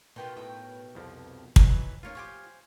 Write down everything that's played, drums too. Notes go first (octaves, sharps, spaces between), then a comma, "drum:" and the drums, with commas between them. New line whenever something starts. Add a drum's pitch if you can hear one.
B2 D#3 B3 F4 G5 C6
A2 G5
C2 F2 F3
E3 F#3 D#4 B4, drum: kick
D#2 A#3 C#4 F4 C#5
F3 F#4 G4 C5 G#5 C#6